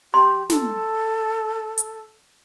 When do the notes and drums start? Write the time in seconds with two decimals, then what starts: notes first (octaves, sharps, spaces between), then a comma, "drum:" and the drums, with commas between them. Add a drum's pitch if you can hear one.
0.14 G4 C6
0.50 A4, drum: snare
1.78 drum: hi-hat